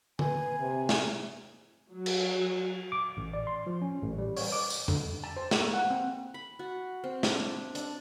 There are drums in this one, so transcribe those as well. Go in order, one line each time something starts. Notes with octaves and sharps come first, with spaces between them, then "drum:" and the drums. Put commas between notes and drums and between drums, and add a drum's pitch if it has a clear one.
B4 G#5, drum: tom D3
C3
drum: snare
F#3
drum: cymbal
D6
A1
D5
C6
F3
C#4
A1
G3
C#5, drum: open hi-hat
D6
drum: tambourine
D3, drum: tom F2
A5
C5
drum: snare
A#3
F#5
C4
B5
F#4
C4
D4, drum: snare
D4, drum: hi-hat